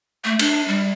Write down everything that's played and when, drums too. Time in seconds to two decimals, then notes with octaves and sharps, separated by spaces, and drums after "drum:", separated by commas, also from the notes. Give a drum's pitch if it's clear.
0.24 A3
0.39 D4, drum: cymbal
0.68 G3